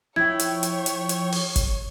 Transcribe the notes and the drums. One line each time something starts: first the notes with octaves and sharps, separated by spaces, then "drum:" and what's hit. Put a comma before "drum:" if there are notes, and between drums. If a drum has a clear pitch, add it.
F3 E4 C#5 G5 G#6
drum: hi-hat
drum: hi-hat
drum: hi-hat
drum: hi-hat
drum: open hi-hat
drum: kick G1, hi-hat